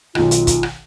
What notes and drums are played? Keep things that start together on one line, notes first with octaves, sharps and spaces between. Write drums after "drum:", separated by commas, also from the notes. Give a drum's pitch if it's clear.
B1 D#3 F4, drum: rim click
drum: hi-hat
drum: kick, hi-hat
drum: rim click